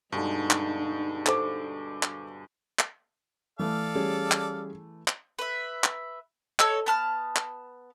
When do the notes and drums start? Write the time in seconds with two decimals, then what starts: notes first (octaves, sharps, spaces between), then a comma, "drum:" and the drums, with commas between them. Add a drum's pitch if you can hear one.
0.12 G2 B2 D3 G#3 D#4
0.51 drum: clap
1.26 A4 C5 D6, drum: clap
2.03 drum: clap
2.79 drum: clap
3.59 E3 A3 A4 D5 F5
3.95 G3 C#4 G#4
4.31 drum: clap
5.08 drum: clap
5.39 B4 E5
5.84 drum: clap
6.60 A4 C#5 D#5 E6, drum: clap
6.86 B3 A5 F6
7.36 drum: clap